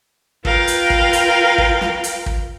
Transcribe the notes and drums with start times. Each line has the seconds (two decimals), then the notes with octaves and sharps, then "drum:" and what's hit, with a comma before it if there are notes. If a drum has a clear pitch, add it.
0.45 F4 A#4 B4 F5 G5, drum: kick
0.67 drum: hi-hat
0.90 drum: kick
1.13 drum: hi-hat
1.58 drum: kick
1.81 drum: snare
2.04 drum: hi-hat
2.26 drum: kick